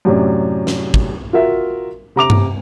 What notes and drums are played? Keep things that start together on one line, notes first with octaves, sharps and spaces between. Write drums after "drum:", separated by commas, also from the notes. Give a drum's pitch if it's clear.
F#2 A2 C3 C#4 D4
drum: snare
drum: kick
F4 F#4 A#4 E5
C3 A#5 D6 F7
drum: tom G2